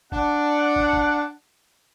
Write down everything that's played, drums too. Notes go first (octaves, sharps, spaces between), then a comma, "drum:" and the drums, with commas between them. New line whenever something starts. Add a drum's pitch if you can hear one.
D4 F#5, drum: kick
drum: kick
drum: kick